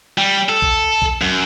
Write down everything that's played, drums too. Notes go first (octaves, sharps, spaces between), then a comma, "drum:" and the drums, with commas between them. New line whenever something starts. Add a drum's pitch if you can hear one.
G3
A4
drum: kick A#1
drum: kick A#1
F#2